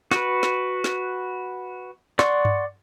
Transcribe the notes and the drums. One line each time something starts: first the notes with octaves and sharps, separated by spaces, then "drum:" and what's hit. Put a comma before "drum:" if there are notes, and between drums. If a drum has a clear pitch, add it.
F#4 B4, drum: snare
drum: snare
drum: snare
D5 F#5 C6 C#6, drum: snare
drum: tom G2